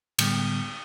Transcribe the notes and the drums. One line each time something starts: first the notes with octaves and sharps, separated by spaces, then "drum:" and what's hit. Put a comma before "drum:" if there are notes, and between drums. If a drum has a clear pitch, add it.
A2 D3 G3 G#3 B3, drum: cymbal